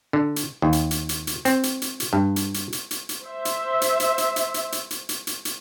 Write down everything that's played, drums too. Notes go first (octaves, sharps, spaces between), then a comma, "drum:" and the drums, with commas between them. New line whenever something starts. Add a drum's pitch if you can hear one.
D3
drum: hi-hat
D#2
drum: hi-hat
drum: hi-hat
drum: hi-hat
drum: hi-hat
C4, drum: hi-hat
drum: hi-hat
drum: hi-hat
drum: hi-hat
G2
drum: hi-hat
drum: hi-hat
drum: hi-hat
drum: hi-hat
drum: hi-hat
C5 E5
drum: hi-hat
drum: hi-hat
drum: hi-hat
drum: hi-hat
drum: hi-hat
drum: hi-hat
drum: hi-hat
drum: hi-hat
drum: hi-hat
drum: hi-hat
drum: hi-hat